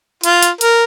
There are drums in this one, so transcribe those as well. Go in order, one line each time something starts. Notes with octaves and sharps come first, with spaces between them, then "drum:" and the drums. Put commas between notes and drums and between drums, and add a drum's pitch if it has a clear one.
F4, drum: hi-hat
drum: hi-hat
A#4, drum: hi-hat